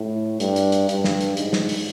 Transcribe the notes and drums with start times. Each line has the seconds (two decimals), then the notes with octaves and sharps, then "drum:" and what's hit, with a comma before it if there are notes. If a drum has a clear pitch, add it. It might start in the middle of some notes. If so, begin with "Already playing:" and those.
Already playing: A2
0.40 G2, drum: hi-hat
0.56 drum: hi-hat
0.72 drum: hi-hat
0.89 G2, drum: hi-hat
1.04 drum: snare
1.21 drum: hi-hat
1.37 G#2, drum: hi-hat
1.53 drum: snare
1.69 drum: open hi-hat